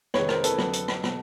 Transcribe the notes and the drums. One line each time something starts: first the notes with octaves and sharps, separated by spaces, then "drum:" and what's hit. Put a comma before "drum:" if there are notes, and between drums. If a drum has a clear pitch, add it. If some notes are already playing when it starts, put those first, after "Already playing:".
F2 C3 D#3 G#3 B4 C#5, drum: rim click
A#4 C5, drum: rim click
A4 B4, drum: hi-hat
F2 D3 F#3, drum: rim click
drum: hi-hat
drum: rim click
B2 F#3, drum: rim click